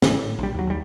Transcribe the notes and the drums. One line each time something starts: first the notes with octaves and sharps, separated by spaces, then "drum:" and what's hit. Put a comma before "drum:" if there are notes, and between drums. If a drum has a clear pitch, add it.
A1 D3 E3 C#4, drum: snare
A2
A#1 G3
D#2 F#3
D#2 G3